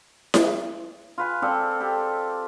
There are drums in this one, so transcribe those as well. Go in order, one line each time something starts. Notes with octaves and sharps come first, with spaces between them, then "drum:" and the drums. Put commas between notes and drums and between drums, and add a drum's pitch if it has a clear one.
drum: snare E4
F4 B4 G#5
C4 F4 A4 D5
G4 A4